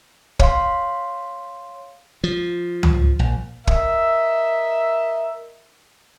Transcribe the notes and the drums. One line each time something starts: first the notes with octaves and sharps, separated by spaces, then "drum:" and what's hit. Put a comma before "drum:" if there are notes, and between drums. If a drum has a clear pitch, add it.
C#5 F5 C6, drum: kick
F3
drum: tom C#2
A#1
A#4 D#5 E5, drum: kick